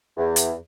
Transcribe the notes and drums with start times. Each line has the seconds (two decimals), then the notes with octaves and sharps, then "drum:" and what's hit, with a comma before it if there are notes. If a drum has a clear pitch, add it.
0.17 E2
0.36 drum: hi-hat